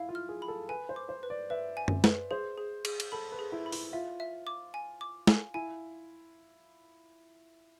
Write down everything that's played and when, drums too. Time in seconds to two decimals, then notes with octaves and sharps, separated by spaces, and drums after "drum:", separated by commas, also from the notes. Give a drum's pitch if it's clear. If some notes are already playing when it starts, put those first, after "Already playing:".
Already playing: E4 F5
0.09 F4
0.15 F6
0.29 G#4
0.42 B5
0.48 A4
0.69 B4 G#5
0.89 C5
0.96 D6
1.09 C5
1.23 B4
1.30 D5
1.50 B4 E5
1.77 G#5
1.88 drum: tom F#2
2.04 B4, drum: snare
2.31 G#4 C5
2.58 G#4
2.85 G#4, drum: cymbal
3.00 drum: cymbal
3.12 A4 B5
3.32 B4
3.39 G#4
3.52 E4
3.66 B5
3.72 E4, drum: open hi-hat
3.93 F4 E5
4.20 E5
4.47 D6
4.74 G#5
5.01 D6
5.27 G#5, drum: snare
5.54 E4 G#5